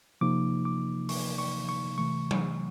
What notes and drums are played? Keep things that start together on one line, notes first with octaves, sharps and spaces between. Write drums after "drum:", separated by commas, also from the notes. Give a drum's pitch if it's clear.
C3 F3 A#3 D#4 D6
D6
C#6, drum: open hi-hat
C#6
C#6
C3 E3 A3 C#6
drum: tom F#3